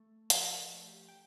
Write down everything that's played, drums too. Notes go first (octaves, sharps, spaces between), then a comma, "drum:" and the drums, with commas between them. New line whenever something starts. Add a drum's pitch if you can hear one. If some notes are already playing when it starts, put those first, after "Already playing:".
Already playing: A3
F3 A#4, drum: hi-hat
A#4
A4
A3
G4
G5